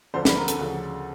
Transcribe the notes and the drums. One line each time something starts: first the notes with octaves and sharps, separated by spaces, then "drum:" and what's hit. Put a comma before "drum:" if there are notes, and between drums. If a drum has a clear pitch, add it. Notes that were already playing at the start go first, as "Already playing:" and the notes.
D2 D3 F3 C5
B4, drum: snare
A#4
A4, drum: hi-hat
D2 C#3 F3